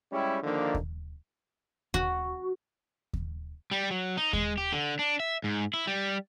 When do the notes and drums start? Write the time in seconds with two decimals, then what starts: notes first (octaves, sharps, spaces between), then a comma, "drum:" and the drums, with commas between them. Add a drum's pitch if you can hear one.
0.12 G3 G#3 C#4 E4 G4
0.43 D3 D#3 F3 A#3 D4 D#4
0.74 drum: kick D#2
1.94 F#4, drum: kick D#2
3.13 drum: kick D#2
3.71 G3
3.91 F#3
4.17 D#4
4.33 G#3, drum: kick D#2
4.58 G4
4.72 D3
4.99 D4
5.20 E5
5.44 G#2
5.74 E4
5.87 G3